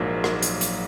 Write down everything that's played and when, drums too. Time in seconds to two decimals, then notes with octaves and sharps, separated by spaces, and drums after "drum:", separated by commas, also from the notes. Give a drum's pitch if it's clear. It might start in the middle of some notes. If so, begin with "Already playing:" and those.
Already playing: A#1 G#2 F#3 A#3
0.24 drum: rim click
0.42 drum: hi-hat
0.61 drum: hi-hat